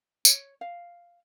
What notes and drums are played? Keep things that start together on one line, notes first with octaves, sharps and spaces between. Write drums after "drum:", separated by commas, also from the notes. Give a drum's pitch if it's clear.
C#5, drum: tambourine
F5